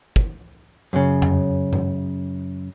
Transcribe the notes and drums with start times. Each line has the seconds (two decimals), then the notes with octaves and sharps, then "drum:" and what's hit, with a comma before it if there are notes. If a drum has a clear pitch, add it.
0.16 drum: kick
0.93 F#2 C#3, drum: tambourine
1.22 drum: tom F2
1.73 drum: tom G2